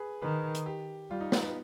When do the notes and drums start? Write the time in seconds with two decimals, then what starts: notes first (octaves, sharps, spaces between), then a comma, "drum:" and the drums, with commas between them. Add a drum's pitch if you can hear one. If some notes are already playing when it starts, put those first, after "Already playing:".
Already playing: G#4 B4
0.22 D#3 B4
0.55 drum: hi-hat
0.66 G4
1.10 G3 F4
1.21 D#4
1.32 D#4, drum: snare
1.43 B3